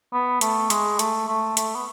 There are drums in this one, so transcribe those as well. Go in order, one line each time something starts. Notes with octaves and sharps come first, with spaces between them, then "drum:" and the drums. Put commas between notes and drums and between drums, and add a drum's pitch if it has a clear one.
B3
A3, drum: hi-hat
G#3, drum: hi-hat
A3, drum: hi-hat
A3
A3, drum: hi-hat
B3